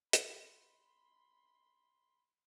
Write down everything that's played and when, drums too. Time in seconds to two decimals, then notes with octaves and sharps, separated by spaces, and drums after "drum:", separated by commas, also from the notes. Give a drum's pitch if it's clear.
0.13 F5 F#5 B5 C6, drum: hi-hat